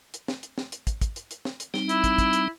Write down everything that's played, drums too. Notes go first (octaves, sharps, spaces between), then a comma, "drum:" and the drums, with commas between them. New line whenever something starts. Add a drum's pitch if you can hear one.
drum: hi-hat
drum: snare
drum: hi-hat
drum: snare
drum: hi-hat
drum: kick, hi-hat
drum: kick, hi-hat
drum: hi-hat
drum: hi-hat
drum: snare
drum: hi-hat
G3 C4 D#4, drum: snare
E4, drum: hi-hat
drum: kick, hi-hat
drum: kick, hi-hat
drum: hi-hat